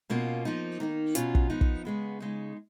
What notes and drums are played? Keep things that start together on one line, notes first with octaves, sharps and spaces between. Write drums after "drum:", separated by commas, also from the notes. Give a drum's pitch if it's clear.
B2 A#3 C#4 F4
F3 A#3 D#4
D#3 A#3 D#4
B2 F#3 C#4 F4, drum: hi-hat
drum: kick
F3 B3 D#4
drum: kick
C#3 G#3 B3
C#3 G#3 D#4